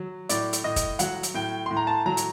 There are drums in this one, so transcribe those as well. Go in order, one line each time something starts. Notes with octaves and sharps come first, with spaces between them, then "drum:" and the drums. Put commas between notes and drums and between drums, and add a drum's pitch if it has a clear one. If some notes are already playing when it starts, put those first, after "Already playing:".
Already playing: F#3
A2 D5, drum: hi-hat
drum: hi-hat
A2 D#5
drum: kick, hi-hat
F#3 F#5, drum: hi-hat
drum: hi-hat
A2 G5
A2 C6
A#5
A5
F#3 A#5
drum: hi-hat